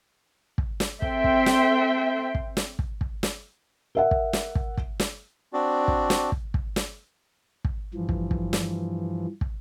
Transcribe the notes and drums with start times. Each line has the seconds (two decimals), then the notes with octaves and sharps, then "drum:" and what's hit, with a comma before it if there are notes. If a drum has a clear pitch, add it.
0.58 drum: kick
0.80 drum: snare
1.02 C4 A4 E5 G5 C6, drum: kick
1.24 drum: kick
1.46 drum: snare
2.35 drum: kick
2.57 drum: snare
2.79 drum: kick
3.01 drum: kick
3.23 drum: snare
3.95 A#4 E5 F#5
4.11 drum: kick
4.33 drum: snare
4.55 drum: kick
4.77 drum: kick
5.00 drum: snare
5.53 C4 D4 F#4 D5
5.88 drum: kick
6.10 drum: snare
6.32 drum: kick
6.54 drum: kick
6.76 drum: snare
7.65 drum: kick
7.94 G2 E3 F3
8.09 drum: kick
8.31 drum: kick
8.53 drum: snare
9.41 drum: kick